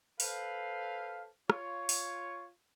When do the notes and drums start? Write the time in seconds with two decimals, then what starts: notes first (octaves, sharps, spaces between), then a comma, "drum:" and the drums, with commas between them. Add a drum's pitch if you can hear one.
0.20 A4 B4 C5 F5, drum: open hi-hat
1.50 F4 C#5, drum: rim click
1.89 drum: open hi-hat